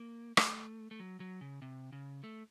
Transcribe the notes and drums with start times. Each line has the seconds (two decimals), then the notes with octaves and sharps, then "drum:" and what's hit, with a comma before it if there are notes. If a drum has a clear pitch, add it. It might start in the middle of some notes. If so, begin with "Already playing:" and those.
Already playing: A#3
0.37 A3, drum: rim click
0.91 A3
1.00 F#3
1.20 F#3
1.41 C#3
1.62 C3
1.92 C#3
2.24 A3